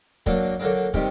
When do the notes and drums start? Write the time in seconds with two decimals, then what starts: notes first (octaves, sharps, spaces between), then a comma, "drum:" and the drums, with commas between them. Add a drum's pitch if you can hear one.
0.26 D3 F#3 A#3 D4, drum: kick
0.60 D3 F#3 A#3 D4
0.94 C3 D#3 G3, drum: kick